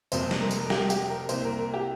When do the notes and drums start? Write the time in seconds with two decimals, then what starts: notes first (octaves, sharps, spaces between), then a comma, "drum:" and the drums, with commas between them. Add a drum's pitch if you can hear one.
0.12 F1 F2 C3 F3 A#3 C5, drum: tambourine
0.31 drum: snare
0.41 A#4
0.51 drum: tambourine
0.66 A#4
0.70 G4, drum: snare
0.90 G4, drum: tambourine
1.10 A#4
1.29 C2 C3 A#3 C5, drum: tambourine
1.45 A#4
1.59 A#4
1.74 G4